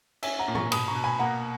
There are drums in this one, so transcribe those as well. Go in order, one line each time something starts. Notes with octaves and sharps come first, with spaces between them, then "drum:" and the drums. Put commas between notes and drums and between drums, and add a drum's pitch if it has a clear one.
C#4 E5 G#5, drum: cymbal
F#5 A#5
A#2
A#5 C#6, drum: tom
B2 B5 D#6, drum: cymbal
A#5 C#6
B2
G#5 B5
A#3 F#5 A#5